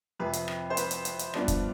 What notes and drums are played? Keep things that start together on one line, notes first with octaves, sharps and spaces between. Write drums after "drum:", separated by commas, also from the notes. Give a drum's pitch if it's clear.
F2 C3 F3 B4
drum: hi-hat
drum: rim click
C5
B4, drum: hi-hat
drum: hi-hat
drum: hi-hat
drum: hi-hat
G2 F3 B3 D4, drum: rim click
drum: kick, hi-hat